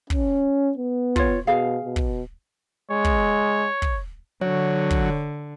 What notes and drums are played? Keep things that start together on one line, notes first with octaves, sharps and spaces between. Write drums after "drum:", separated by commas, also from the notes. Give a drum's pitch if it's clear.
C#4, drum: kick
B3
F4 C#5, drum: kick
B2 G#4 F5
B2
drum: kick
G#3 C#5
drum: kick
drum: kick
D3 F#3 C#5
drum: kick